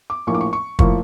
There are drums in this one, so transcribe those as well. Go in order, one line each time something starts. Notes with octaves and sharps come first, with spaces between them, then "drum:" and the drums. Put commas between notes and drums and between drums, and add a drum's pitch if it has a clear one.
D6
A#1 A2 F3 A#3 C#6
D6
C#6
C#6
A2 F3 A#3 C#6, drum: kick